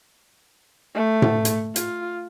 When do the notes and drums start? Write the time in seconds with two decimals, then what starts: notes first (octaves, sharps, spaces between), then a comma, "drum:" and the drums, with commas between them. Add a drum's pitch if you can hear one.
0.95 A3
1.22 drum: tom A2
1.45 drum: hi-hat
1.76 F4, drum: hi-hat